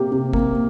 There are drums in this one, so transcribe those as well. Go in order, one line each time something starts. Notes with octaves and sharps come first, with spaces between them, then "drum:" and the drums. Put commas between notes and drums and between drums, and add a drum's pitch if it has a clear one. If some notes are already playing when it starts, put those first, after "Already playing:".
Already playing: C3 A#3 G4
C3
A#3, drum: kick